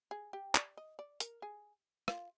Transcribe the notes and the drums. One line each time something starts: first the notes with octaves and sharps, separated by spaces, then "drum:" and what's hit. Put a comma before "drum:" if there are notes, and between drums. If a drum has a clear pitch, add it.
G#4
G4
D5, drum: clap
D#5
D5
A#4, drum: hi-hat
G#4
F4, drum: rim click